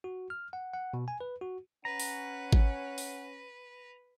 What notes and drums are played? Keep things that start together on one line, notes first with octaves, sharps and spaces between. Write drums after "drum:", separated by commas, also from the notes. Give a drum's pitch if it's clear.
F#4
F6
F#5
F#5
B2
G#5
B4
F#4
C#4 B4 F#5 A#5
drum: open hi-hat
drum: kick G#1
drum: open hi-hat